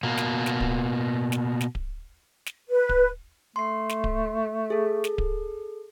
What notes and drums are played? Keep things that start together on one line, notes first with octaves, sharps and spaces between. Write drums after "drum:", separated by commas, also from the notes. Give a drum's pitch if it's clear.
B2 A#3
drum: snare
drum: snare
drum: kick D1
drum: snare
drum: snare
drum: kick D1
drum: snare
B4
drum: kick D1
A3 C6 C7
drum: snare
drum: kick D1
G#4 A4
drum: snare
drum: kick D1